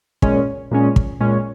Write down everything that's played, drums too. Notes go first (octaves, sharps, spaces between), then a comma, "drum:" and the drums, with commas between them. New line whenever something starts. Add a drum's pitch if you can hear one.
A#2 G#3 C#4, drum: kick
A#2 G#3 C#4
drum: kick
A#2 G#3 C#4